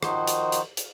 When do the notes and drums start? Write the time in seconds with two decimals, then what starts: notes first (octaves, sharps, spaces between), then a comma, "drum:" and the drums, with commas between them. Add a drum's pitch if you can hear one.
0.03 D#3 F3 D#4 F#4 C5, drum: rim click
0.27 drum: hi-hat
0.52 drum: hi-hat
0.77 drum: hi-hat